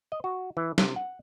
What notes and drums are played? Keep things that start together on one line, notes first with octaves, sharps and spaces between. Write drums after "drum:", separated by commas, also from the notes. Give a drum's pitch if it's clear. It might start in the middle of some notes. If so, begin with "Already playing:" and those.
D#5
F#4
E3
C3, drum: snare
F#5